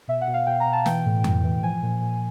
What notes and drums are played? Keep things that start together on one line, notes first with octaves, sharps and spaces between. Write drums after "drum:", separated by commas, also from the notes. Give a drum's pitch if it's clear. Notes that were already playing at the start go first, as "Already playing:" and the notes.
B2 E5
F#5
B2
F5
B2 G5
A#5
B2
A5
E3 G5, drum: snare
A2
A2, drum: tom F2
E3
F3 G#5
A#2
A#2